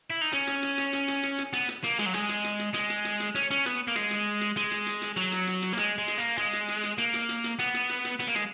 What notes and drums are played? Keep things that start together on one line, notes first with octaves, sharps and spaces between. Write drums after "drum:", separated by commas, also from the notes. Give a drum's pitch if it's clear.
E4
D#4
C#4, drum: hi-hat
drum: hi-hat
drum: hi-hat
drum: hi-hat
drum: hi-hat
drum: hi-hat
drum: hi-hat
drum: hi-hat
B3, drum: hi-hat
drum: hi-hat
A#3, drum: hi-hat
G#3, drum: hi-hat
F#3
G#3, drum: hi-hat
drum: hi-hat
drum: hi-hat
drum: hi-hat
G#3, drum: hi-hat
drum: hi-hat
drum: hi-hat
drum: hi-hat
C#4, drum: hi-hat
C#4, drum: hi-hat
B3, drum: hi-hat
A#3
G#3, drum: hi-hat
drum: hi-hat
drum: hi-hat
G#3, drum: hi-hat
drum: hi-hat
drum: hi-hat
drum: hi-hat
F#3, drum: hi-hat
drum: hi-hat
drum: hi-hat
drum: hi-hat
A#3
G#3, drum: hi-hat
G#3
drum: hi-hat
A#3
G#3, drum: hi-hat
drum: hi-hat
drum: hi-hat
drum: hi-hat
A#3, drum: hi-hat
drum: hi-hat
drum: hi-hat
drum: hi-hat
B3, drum: hi-hat
drum: hi-hat
drum: hi-hat
drum: hi-hat
B3, drum: hi-hat
A#3
G#3, drum: hi-hat